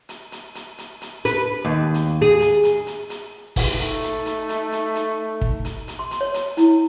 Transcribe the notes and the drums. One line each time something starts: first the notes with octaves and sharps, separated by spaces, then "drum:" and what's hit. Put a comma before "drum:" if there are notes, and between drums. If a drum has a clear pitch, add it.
drum: hi-hat
drum: hi-hat
drum: hi-hat
drum: hi-hat
drum: hi-hat
B4, drum: hi-hat
D#2
drum: hi-hat
G#4
drum: hi-hat
drum: hi-hat
drum: hi-hat
drum: hi-hat
drum: kick, open hi-hat
A3 D#4
drum: hi-hat
drum: hi-hat
drum: hi-hat
drum: hi-hat
drum: hi-hat
drum: hi-hat
drum: kick
drum: hi-hat
drum: hi-hat
C6
drum: hi-hat
C#5
drum: hi-hat
E4, drum: hi-hat